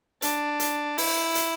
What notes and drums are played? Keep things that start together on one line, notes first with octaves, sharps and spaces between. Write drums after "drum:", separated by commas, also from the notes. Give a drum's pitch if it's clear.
D4, drum: hi-hat
drum: hi-hat
E4, drum: open hi-hat
drum: hi-hat